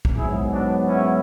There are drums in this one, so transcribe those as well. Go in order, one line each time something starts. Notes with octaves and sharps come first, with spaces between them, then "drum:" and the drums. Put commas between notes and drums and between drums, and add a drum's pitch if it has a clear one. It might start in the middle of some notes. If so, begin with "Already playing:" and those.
drum: kick B1
G#2 F#3 B3 E4 G#4
D4 F#4
C#4 E4